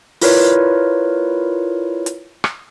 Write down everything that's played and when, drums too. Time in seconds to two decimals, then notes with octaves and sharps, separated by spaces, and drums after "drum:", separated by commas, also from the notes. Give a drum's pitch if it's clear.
0.22 E4 F4 A#4 B4 C#5 D5, drum: open hi-hat
2.06 drum: hi-hat
2.44 drum: rim click